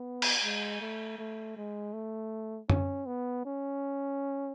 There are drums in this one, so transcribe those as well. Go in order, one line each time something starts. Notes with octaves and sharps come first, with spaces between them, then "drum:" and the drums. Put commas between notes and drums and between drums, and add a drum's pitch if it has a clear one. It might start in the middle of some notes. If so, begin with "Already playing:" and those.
Already playing: B3
drum: cymbal
G#3
A3
A3
G#3
A3
C#4, drum: tom F#2
B3
C#4